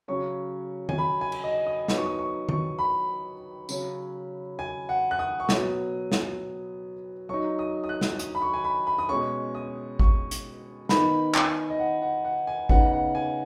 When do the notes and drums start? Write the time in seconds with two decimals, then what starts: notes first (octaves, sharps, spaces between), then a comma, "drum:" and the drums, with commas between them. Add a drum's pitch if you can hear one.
0.08 C#3 F#3 C#4 C#6
0.89 G#5, drum: tom D#3
0.98 B5
1.21 G#5
1.32 drum: cymbal
1.44 D#5
1.66 D#6
1.88 F#3 B3 D#4 D#6, drum: snare
1.97 C#6
2.06 D#6
2.19 C#6
2.49 C#6, drum: tom D#3
2.79 B5
3.69 C#3 F#3 C#4, drum: tambourine
4.59 G#5
4.89 F#5
5.11 F#6
5.19 D#6
5.40 C#6
5.49 B2 F#3 B3 D#6, drum: snare
6.12 drum: snare
7.29 F#3 D#4 C#6
7.59 D#6
7.84 D#6
7.89 F#6
8.01 drum: snare
8.19 D#6, drum: hi-hat
8.35 B5
8.42 C#6
8.54 G#5
8.64 B5
8.87 B5
8.98 D#6
9.09 B2 G#3 C#4 C#6
9.55 D#6
9.99 C#6, drum: kick G#1
10.31 drum: hi-hat
10.89 D#3 B3 D#4 B5, drum: snare
11.35 G#5, drum: clap
11.70 D#5
11.79 F#5
12.02 F#5
12.25 F#5
12.47 G#5
12.69 C#3 B3 D#4 F#5, drum: kick G#1
12.92 F#5
13.15 G#5